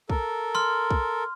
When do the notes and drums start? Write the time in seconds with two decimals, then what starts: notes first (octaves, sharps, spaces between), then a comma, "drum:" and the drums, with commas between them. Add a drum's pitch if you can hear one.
0.10 A4 A#4, drum: kick
0.55 C6 F6
0.90 drum: kick